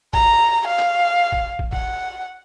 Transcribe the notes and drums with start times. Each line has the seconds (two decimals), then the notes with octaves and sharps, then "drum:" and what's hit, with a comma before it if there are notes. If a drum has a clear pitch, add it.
0.13 A#5, drum: kick
0.68 F5
0.79 drum: clap
1.32 drum: kick
1.59 drum: kick
1.73 F#5, drum: kick